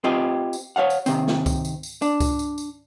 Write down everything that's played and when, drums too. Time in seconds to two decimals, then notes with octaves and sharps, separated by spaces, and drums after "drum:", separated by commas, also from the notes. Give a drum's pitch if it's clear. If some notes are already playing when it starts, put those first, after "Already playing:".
0.04 C4 F4 G4 D#5
0.53 drum: tambourine
0.76 C#5 D5 F5 F#5
0.90 drum: tambourine
1.06 C3 D#3 C4, drum: tambourine
1.27 drum: snare
1.46 drum: kick C#2, tambourine
1.65 drum: tambourine
1.83 drum: tambourine
2.02 D4, drum: tambourine
2.20 drum: kick C#2, tambourine
2.39 drum: tambourine
2.58 drum: tambourine